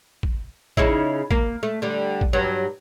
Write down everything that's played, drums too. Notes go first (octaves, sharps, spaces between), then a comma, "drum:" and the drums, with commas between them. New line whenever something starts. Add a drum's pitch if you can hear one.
drum: kick
C#3 D#4 E4, drum: kick
A#3, drum: kick
A3
D3 G3
drum: kick
G2 F#3